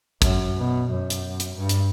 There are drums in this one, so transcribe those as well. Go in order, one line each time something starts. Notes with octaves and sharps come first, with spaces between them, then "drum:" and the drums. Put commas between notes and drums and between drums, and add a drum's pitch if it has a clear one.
F#2, drum: kick, hi-hat
B2
F#2
drum: hi-hat
drum: hi-hat
G2
drum: hi-hat